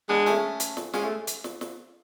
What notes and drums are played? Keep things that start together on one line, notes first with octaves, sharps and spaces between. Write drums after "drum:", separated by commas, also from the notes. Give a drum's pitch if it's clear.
G#3 B3 D4
A3 C#4, drum: snare
drum: hi-hat
drum: snare
G#3 C#4 F4, drum: snare
A3
drum: hi-hat
drum: snare
drum: snare